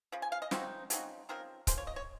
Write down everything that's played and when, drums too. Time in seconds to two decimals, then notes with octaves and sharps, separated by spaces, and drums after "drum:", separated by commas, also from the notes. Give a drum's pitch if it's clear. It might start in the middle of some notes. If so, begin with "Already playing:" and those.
0.12 C#3 F3
0.22 G#5
0.32 F5
0.42 D#5
0.51 C#3 F3 C4 D#4 F#4, drum: snare
0.90 C#3 F3 C4 D#4 F#4, drum: hi-hat
1.29 C#3 F3 C4 D#4 A#4
1.67 F3 A#3 C#4 C5, drum: kick C#1, hi-hat
1.78 C#5
1.87 D#5
1.96 C#5